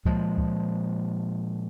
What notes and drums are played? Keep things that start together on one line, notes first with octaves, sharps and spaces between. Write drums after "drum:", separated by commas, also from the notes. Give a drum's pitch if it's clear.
A#2 F3 G#3, drum: kick C#2
drum: kick C#2